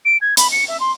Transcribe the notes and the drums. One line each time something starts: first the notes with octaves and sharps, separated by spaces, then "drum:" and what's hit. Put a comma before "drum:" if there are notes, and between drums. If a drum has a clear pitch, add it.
D7
G#6
B5, drum: hi-hat
C#7
E5
C6